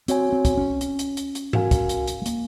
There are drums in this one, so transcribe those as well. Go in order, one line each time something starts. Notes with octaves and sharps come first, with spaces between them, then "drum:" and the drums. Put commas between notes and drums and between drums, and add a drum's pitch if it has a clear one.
C4 F#4 C#5 G#5, drum: hi-hat
C4
drum: kick, hi-hat
C#4
drum: hi-hat
drum: hi-hat
drum: hi-hat
drum: hi-hat
F#4 A#4 F5 G#5, drum: tom G#2
drum: kick, hi-hat
drum: hi-hat
drum: hi-hat
G#3
A#3, drum: hi-hat